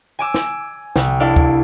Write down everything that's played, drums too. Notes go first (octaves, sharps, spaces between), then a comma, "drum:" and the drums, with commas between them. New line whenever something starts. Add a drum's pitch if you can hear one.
G#5 D6 E6
drum: snare
C2, drum: snare
D4 E4 A4 D5 F5
drum: kick